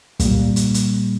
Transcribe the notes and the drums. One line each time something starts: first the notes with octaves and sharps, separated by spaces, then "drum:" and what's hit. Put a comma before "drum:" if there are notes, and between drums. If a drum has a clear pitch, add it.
A#2 G3 A#3, drum: kick, hi-hat
drum: hi-hat
drum: hi-hat